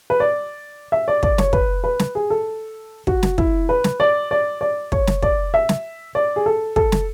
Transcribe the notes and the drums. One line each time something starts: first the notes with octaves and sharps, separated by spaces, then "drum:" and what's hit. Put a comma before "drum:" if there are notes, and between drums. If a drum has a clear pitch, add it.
B4
D5
E5
D5
D5, drum: kick
C#5, drum: snare
B4, drum: kick
B4
drum: snare
G#4
A4
F#4, drum: kick
drum: snare
E4, drum: kick
B4
drum: snare
D5
D5
D5
C#5, drum: kick
drum: snare
D5, drum: kick
E5
drum: snare
D5
G#4
A4
A4, drum: kick
drum: snare